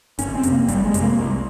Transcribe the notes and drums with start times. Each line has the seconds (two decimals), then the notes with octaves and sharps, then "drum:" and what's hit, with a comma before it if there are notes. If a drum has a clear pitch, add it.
0.19 G1 C#4, drum: hi-hat
0.35 C4
0.43 F2 C3, drum: hi-hat
0.53 A#3
0.68 G1 G3, drum: hi-hat
0.85 G#3
0.94 F2 C3, drum: hi-hat
1.01 A#3
1.19 C2